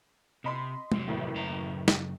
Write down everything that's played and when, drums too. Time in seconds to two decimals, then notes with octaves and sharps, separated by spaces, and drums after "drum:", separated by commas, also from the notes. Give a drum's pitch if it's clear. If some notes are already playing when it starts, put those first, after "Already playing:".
0.44 C3 D#5 B5 C6
0.92 F2 C3 F#3, drum: tom
1.08 A1 D#2 A2
1.34 F#2 C#3 A#5
1.88 drum: snare